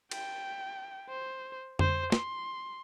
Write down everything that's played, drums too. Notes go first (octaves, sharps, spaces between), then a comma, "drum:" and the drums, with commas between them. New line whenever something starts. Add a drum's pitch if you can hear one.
G5, drum: cymbal
C5
C5, drum: tom F2
C6, drum: snare